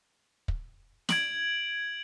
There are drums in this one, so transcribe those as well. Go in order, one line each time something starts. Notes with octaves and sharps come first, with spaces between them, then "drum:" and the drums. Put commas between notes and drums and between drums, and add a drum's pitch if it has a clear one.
drum: kick
G#6 D7 F#7, drum: snare